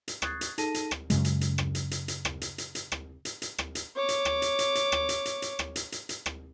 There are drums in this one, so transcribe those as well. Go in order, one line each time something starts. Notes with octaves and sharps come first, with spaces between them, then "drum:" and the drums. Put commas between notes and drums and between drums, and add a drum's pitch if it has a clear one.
drum: hi-hat
C#6 D#6 F#6 G#6 A6 C7, drum: rim click
drum: hi-hat
D#4 G#4 A4 A5 A#6 D#7, drum: hi-hat
drum: hi-hat
drum: rim click
F#2 C#3 G#3, drum: hi-hat
drum: hi-hat
drum: hi-hat
drum: rim click
drum: hi-hat
drum: hi-hat
drum: hi-hat
drum: rim click
drum: hi-hat
drum: hi-hat
drum: hi-hat
drum: rim click
drum: hi-hat
drum: hi-hat
drum: rim click
drum: hi-hat
C#5 D6
drum: hi-hat
drum: rim click
drum: hi-hat
drum: hi-hat
drum: hi-hat
drum: rim click
drum: hi-hat
drum: hi-hat
drum: hi-hat
drum: rim click
drum: hi-hat
drum: hi-hat
drum: hi-hat
drum: rim click